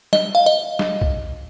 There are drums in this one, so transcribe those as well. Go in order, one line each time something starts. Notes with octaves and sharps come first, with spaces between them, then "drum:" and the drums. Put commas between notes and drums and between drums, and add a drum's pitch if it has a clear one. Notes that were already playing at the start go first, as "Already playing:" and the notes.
D#5, drum: snare
F5
D#5
drum: snare
drum: kick B1